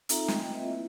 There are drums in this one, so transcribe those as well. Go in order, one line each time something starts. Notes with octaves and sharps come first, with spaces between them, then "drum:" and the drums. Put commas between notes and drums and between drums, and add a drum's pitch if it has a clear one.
C4 D#4 F4 A4 E5 A#5, drum: hi-hat
A3 D#5 G5, drum: snare
A#3 C4 F4 B4 D#5 E5
E4